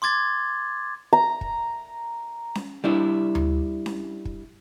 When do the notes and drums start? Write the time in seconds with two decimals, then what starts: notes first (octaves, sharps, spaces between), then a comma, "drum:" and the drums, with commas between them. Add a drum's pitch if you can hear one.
0.02 C6 D6 G#6 A6
1.13 A#5
1.41 drum: kick
2.55 drum: snare C#4
2.84 G3 D4 E4
3.35 drum: tom D2
3.86 drum: snare C#4
4.25 drum: kick